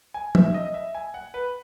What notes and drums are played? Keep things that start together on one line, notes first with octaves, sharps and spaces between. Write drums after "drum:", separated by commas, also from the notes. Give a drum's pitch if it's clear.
G#5
E5, drum: tom
D#5
E5
G#5
F#5
B4